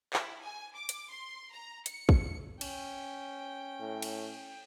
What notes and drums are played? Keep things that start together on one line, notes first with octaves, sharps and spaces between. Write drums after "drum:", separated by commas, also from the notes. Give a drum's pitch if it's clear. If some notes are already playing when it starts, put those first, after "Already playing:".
E4, drum: clap
G#5
D6
drum: hi-hat
C6
A#5
C#7, drum: hi-hat
drum: kick
C#4 G5, drum: cymbal
A2
drum: cymbal